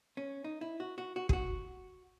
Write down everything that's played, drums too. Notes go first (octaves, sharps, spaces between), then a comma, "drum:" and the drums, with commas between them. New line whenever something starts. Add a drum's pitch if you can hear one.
C#4
D#4
E4
F#4
F#4
F#4
G#4, drum: kick
F#4